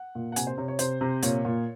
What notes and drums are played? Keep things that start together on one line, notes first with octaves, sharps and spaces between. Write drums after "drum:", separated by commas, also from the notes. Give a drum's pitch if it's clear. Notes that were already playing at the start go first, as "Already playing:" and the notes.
Already playing: F#5
A#2
F#5
C3 G#5, drum: hi-hat
C5
C3 C#5
C#5
C3 C5, drum: hi-hat
C3
A#2 C#5, drum: hi-hat
A#2